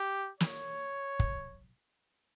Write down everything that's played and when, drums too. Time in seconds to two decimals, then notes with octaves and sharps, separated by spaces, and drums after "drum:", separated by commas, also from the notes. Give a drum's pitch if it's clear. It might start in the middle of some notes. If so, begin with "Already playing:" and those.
Already playing: G4
0.40 C#5, drum: snare
1.19 drum: kick